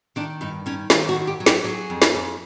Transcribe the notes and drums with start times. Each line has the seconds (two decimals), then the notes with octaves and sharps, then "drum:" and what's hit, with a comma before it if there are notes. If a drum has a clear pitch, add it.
0.16 D#3 D4
0.41 G2 D#4
0.66 D#3 C#4
0.90 D#3 F4, drum: snare
1.09 F#4
1.15 G2
1.27 G4
1.40 F#3
1.46 G4, drum: snare
1.64 F#3 G#4
1.90 F2
2.02 drum: snare
2.15 F2